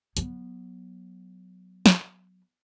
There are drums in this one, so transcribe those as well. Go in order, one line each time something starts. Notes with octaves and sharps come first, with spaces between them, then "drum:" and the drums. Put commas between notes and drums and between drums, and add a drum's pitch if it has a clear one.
F#3 B3, drum: hi-hat
drum: snare